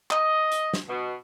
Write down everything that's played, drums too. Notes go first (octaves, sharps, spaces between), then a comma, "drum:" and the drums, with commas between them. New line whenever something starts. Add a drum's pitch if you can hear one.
D#5, drum: clap
drum: hi-hat
drum: snare
B2